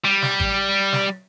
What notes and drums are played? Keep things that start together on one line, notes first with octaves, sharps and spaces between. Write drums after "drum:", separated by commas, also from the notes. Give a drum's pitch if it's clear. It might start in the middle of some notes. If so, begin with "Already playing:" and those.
G3
drum: snare
drum: kick G#1
drum: snare